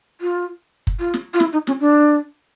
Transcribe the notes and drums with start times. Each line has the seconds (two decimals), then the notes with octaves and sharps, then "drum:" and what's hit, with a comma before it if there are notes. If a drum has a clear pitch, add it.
0.21 F4
0.87 drum: kick
1.00 F4
1.14 drum: snare
1.34 F4
1.40 E4, drum: snare
1.53 D#4
1.67 C#4, drum: snare
1.80 D4